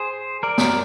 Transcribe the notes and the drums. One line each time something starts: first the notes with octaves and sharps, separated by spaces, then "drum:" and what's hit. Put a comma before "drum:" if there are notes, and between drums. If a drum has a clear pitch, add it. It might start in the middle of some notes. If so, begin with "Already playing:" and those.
Already playing: G#4 C5
A#4 D5
drum: snare